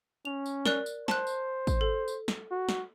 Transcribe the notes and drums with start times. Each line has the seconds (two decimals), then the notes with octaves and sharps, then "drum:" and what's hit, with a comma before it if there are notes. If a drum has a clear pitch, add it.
0.25 C#4 F7
0.46 drum: tambourine
0.65 A#4 D5 F#6, drum: snare
0.86 drum: tambourine
1.08 C5 A5 F#6, drum: snare
1.27 drum: tambourine
1.67 drum: kick, tambourine
1.81 A4
2.08 drum: tambourine
2.28 drum: snare
2.51 F#4
2.69 drum: snare